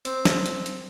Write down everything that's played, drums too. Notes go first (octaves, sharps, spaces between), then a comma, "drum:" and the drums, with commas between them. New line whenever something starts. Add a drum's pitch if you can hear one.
C4, drum: hi-hat
drum: snare
drum: hi-hat
drum: hi-hat